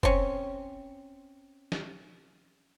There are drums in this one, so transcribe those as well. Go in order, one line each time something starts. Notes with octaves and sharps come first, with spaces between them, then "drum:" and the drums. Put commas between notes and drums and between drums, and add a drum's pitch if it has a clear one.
C4 C#4, drum: kick F1
drum: snare